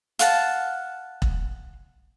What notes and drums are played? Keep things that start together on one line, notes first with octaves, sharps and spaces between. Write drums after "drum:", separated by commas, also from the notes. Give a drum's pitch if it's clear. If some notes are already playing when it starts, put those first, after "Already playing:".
F5 F#5 A5, drum: hi-hat
drum: kick E1